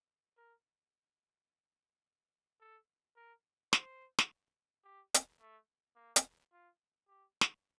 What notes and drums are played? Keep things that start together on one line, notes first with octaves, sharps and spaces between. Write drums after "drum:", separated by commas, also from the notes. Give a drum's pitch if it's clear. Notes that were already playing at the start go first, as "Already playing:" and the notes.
A#4
A4
A#4
C5, drum: snare
drum: snare
G4
drum: hi-hat
A3
A#3
drum: hi-hat
F4
G4
drum: snare